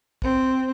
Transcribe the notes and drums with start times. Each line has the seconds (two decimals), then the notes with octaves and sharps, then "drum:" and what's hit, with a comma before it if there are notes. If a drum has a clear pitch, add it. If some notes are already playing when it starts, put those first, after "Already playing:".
0.22 C4, drum: kick